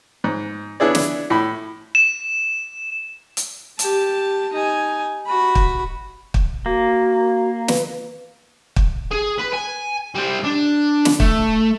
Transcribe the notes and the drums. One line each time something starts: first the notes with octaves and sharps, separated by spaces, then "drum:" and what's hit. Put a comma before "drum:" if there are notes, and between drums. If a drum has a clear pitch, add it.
G#2
B3 D4 E4 G#4 D5
drum: snare
A2 B5
E7
drum: hi-hat
G4 A5, drum: hi-hat
D#4 G#5
F#4 B5
drum: kick
drum: kick
A#3 F#4
B4, drum: snare
drum: kick
G#4
B4
G#5
G3 C5
D4
drum: snare
A3, drum: kick